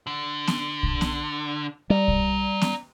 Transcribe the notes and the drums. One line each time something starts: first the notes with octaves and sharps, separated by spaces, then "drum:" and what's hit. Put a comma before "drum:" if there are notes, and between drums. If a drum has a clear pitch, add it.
D3
drum: snare B3
drum: kick
drum: snare B3
G3 D5 A#5
drum: kick
drum: snare B3